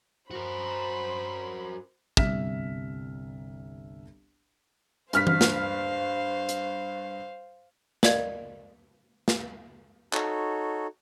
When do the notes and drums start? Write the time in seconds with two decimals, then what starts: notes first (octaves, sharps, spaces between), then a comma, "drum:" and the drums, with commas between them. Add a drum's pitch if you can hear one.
0.31 F#4 A#4 C5 B5
2.17 G1 C2 E5 F6 B6 E7, drum: kick
5.13 G2 C5 F5 F6 B6, drum: hi-hat
5.27 drum: tom E3
5.41 drum: snare
6.49 drum: hi-hat
8.03 A#4 D5 D#5 F5 G#6, drum: snare
9.28 drum: snare
10.13 D#4 F#4 A4 C#5, drum: clap